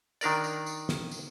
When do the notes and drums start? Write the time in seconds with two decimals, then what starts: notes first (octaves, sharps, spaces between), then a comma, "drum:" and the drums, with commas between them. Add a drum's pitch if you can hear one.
0.21 D#3 D4 A#4 D5, drum: tambourine
0.44 drum: tambourine
0.66 drum: tambourine
0.89 drum: snare
1.11 drum: tambourine